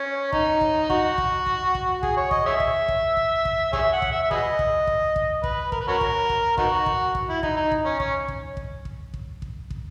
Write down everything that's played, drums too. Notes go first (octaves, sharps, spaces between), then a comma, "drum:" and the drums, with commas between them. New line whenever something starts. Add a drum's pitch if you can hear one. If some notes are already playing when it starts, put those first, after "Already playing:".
Already playing: C#4
D#4, drum: kick
drum: kick
F#4, drum: kick
drum: kick
drum: kick
drum: kick
G#4, drum: kick
C#5
D#5, drum: kick
G#4 C#5 E5
drum: kick
drum: kick
drum: kick
drum: kick
G#4 C#5 E5, drum: kick
F#5
drum: kick
E5
E5
G#4 B4 D#5, drum: kick
drum: kick
drum: kick
drum: kick
B4, drum: kick
A#4, drum: kick
B4
C#4 F#4 A#4
drum: kick
drum: kick
B3 D#4 F#4, drum: kick
drum: kick
drum: kick
E4
D#4, drum: kick
D#4
drum: kick
C#4
C#4, drum: kick
drum: kick
drum: kick
drum: kick
drum: kick
drum: kick
drum: kick